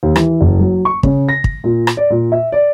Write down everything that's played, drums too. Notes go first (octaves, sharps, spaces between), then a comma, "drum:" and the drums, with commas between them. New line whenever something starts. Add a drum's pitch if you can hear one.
D#2
E3, drum: rim click
F#1
F#3
C#6
C#3, drum: kick
A#6
drum: kick
A#2
drum: rim click
D5
A#2
E5
D5